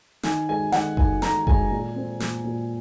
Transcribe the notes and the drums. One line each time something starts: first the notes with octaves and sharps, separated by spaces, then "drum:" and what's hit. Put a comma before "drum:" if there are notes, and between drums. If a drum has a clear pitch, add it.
D#3 G#5, drum: snare
G#3 G#5
D#3 F#5, drum: snare
D#3 G#5, drum: kick F#1
D#3 A#5, drum: snare
G#3 G#5, drum: kick F#1
A#2
C4
A#2, drum: snare
A#2